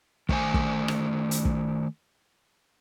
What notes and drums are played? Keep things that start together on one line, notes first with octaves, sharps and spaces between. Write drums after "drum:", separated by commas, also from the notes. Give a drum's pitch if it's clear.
D#3 A3 C5 G#5, drum: kick
drum: kick
drum: rim click
drum: hi-hat
drum: kick